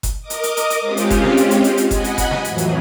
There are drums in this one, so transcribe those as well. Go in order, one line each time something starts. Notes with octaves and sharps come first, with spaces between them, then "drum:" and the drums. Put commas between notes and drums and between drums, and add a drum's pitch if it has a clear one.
drum: kick F#1, hi-hat
A#4 D#5 D6 D#6
drum: hi-hat
drum: hi-hat
drum: hi-hat
drum: hi-hat
G#3 C4 C#4 F4 G4
drum: hi-hat
drum: kick F#1, hi-hat
drum: snare
drum: hi-hat
drum: hi-hat
drum: hi-hat
drum: hi-hat
D#5 F#5 G#5 B5, drum: kick F#1, hi-hat
drum: hi-hat
drum: kick F#1, hi-hat
drum: snare
F2 A2 E3 F#3, drum: hi-hat
drum: hi-hat